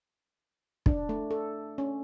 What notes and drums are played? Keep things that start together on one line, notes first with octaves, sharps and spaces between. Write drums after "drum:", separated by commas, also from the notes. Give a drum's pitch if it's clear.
D4, drum: kick
A3
A4
C#4